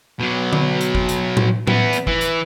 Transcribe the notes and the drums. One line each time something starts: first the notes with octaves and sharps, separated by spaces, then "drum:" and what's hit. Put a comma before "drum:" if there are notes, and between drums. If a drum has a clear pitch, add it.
B2 F#3
drum: tom D3
drum: hi-hat
drum: kick G1
drum: hi-hat
drum: tom A2
E3 B3, drum: tom A2
drum: hi-hat
E3, drum: kick G1
drum: hi-hat